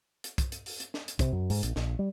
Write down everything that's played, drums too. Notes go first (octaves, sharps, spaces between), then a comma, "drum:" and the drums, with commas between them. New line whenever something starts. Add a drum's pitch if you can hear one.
drum: hi-hat
drum: kick, hi-hat
drum: hi-hat
drum: open hi-hat
drum: hi-hat
drum: snare
drum: hi-hat
C3, drum: kick, hi-hat
F#2
G#2, drum: open hi-hat
A#1, drum: hi-hat
A#1, drum: snare
G3